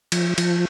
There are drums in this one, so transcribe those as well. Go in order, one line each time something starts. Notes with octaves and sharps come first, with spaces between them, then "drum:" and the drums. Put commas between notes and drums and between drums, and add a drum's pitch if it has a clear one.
F3, drum: cymbal
F3, drum: cymbal